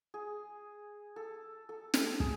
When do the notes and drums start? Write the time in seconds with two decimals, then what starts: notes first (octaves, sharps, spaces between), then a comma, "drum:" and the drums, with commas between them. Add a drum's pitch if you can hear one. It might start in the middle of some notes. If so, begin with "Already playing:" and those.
0.14 G#4
1.16 A4
1.69 A4
1.94 A4, drum: snare
2.20 G#4, drum: kick